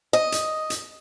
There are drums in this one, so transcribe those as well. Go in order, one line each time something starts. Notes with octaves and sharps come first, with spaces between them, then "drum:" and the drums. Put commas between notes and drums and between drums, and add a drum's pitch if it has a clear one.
D#5
drum: hi-hat
drum: hi-hat